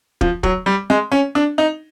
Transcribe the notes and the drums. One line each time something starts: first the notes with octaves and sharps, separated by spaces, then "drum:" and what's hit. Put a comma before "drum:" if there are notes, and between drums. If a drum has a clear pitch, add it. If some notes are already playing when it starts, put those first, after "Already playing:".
F3, drum: kick
F#3, drum: kick
G3
G#3
C#4
D4
D#4